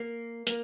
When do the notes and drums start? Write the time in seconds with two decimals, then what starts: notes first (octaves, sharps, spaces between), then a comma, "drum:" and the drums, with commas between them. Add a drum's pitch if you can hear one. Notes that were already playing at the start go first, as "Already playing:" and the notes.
Already playing: A#3
0.47 A#3, drum: hi-hat